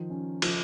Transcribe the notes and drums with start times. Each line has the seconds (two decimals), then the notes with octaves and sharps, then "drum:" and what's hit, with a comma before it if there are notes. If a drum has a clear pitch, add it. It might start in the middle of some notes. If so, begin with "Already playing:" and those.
Already playing: D#3 F3
0.10 C#4
0.42 C#3 F3, drum: cymbal